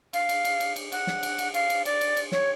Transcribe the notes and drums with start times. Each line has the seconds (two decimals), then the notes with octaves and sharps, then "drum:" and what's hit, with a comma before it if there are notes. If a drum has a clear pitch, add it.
0.13 F5, drum: cymbal
0.29 drum: cymbal
0.45 drum: cymbal
0.60 drum: cymbal
0.76 drum: cymbal
0.92 F#5, drum: cymbal
1.07 drum: snare
1.23 drum: cymbal
1.38 drum: cymbal
1.54 F5, drum: cymbal
1.70 drum: cymbal
1.85 D5, drum: cymbal
2.01 drum: cymbal
2.17 drum: cymbal
2.32 C#5, drum: snare